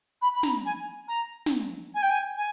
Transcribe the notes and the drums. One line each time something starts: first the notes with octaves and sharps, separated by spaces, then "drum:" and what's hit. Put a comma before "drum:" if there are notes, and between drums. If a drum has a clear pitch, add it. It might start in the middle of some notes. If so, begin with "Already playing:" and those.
B5
B5
A#5, drum: snare
G#5
A#5
drum: snare
G#5
G5
G#5
G#5